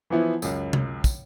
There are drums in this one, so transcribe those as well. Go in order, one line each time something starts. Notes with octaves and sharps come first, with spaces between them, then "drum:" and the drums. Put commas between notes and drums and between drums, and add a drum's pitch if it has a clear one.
E3 F3 B3 E4
C#2 F#2, drum: tambourine
drum: tom C3
drum: kick, tambourine